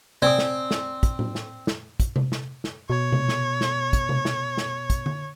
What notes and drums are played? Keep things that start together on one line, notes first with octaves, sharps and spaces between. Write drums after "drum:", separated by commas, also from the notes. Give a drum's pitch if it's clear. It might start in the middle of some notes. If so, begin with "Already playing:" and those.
C4 D5 G#5 D#6, drum: tom C3
drum: snare
drum: snare
drum: kick, hi-hat
drum: tom A2
drum: snare
drum: snare
drum: kick, hi-hat
drum: tom C3
drum: snare
drum: snare
B2 C#5
drum: tom C3
drum: snare
drum: snare
drum: kick, hi-hat
drum: tom C3
drum: snare
drum: snare
drum: kick, hi-hat
drum: tom D3